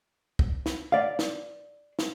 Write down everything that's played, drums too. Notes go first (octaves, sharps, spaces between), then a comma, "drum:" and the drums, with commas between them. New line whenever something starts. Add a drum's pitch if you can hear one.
drum: kick
drum: snare
D5 F5
drum: snare
drum: snare